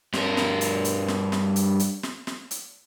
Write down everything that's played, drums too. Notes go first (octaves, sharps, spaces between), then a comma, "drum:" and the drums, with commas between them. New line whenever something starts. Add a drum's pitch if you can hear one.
G2 A#4, drum: snare
drum: snare
drum: hi-hat
drum: hi-hat
drum: snare
drum: snare
drum: hi-hat
drum: hi-hat
drum: snare
drum: snare
drum: hi-hat